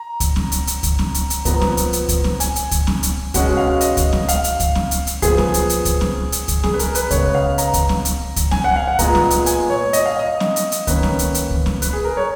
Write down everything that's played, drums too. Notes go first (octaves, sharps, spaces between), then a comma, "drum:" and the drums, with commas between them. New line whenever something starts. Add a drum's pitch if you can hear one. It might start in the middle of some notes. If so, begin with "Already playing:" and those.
Already playing: A#5
drum: kick C#2, hi-hat
drum: snare
drum: hi-hat
drum: hi-hat
drum: kick C#2, hi-hat
drum: snare
drum: hi-hat
drum: hi-hat
A#2 F3 B3 A#5, drum: kick C#2, hi-hat
drum: snare
drum: hi-hat
drum: hi-hat
drum: kick C#2, hi-hat
drum: snare
G#5, drum: hi-hat
drum: hi-hat
drum: kick C#2, hi-hat
drum: snare
drum: hi-hat
B2 G#3 C#4 F#5, drum: kick C#2, hi-hat
F5
D#5, drum: hi-hat
drum: kick C#2, hi-hat
drum: snare
F5, drum: hi-hat
drum: hi-hat
drum: kick C#2, hi-hat
drum: snare
drum: hi-hat
drum: hi-hat
A#2 F3 B3 G#4, drum: kick C#2, hi-hat
drum: snare
drum: hi-hat
drum: hi-hat
drum: kick C#2, hi-hat
drum: snare
drum: hi-hat
drum: kick C#2, hi-hat
G#4, drum: snare
B4
A#4, drum: hi-hat
B4, drum: hi-hat
C#3 G#3 B3 C#5, drum: kick C#2, hi-hat
F5
A#5, drum: hi-hat
drum: kick C#2, hi-hat
drum: snare
drum: hi-hat
drum: kick C#2, hi-hat
G#5, drum: snare
F#5
F5
F#5
A#2 G#3 B3 A#5, drum: kick C#2, hi-hat
drum: snare
drum: hi-hat
G#5, drum: hi-hat
C#5
D#5, drum: hi-hat
F5
D#5
drum: snare
drum: hi-hat
drum: hi-hat
D#3 A#3 C#4 B4, drum: kick C#2, hi-hat
drum: snare
drum: hi-hat
drum: hi-hat
drum: kick C#2
drum: snare
B4, drum: hi-hat
G#4
A#4
C#5